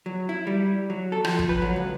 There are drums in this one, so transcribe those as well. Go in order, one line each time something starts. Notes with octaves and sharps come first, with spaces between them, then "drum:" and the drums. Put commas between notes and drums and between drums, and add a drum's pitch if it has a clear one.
F#3
E4
G3
F#3
A4
F3, drum: rim click
drum: kick
B4
F#3
C#2